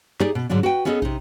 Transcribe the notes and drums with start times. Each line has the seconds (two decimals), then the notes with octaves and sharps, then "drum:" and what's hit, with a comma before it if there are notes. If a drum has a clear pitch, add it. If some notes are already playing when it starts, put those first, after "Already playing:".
0.20 D#4 G4 G#4 D5, drum: clap
0.35 B2
0.49 G#2 D3 F#3 C#4 D4
0.63 F#4 B4 G5
0.85 B3 C#4 E4 G#4 A4 D#5
1.02 C3 D#4, drum: kick